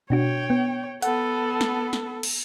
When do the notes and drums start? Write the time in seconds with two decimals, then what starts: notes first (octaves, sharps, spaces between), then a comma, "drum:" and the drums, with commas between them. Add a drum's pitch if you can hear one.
0.10 B2 D4 F#4 C#5 G5
0.50 B3
1.02 B3 A4 F#5, drum: hi-hat
1.61 drum: snare
1.93 drum: snare
2.23 drum: cymbal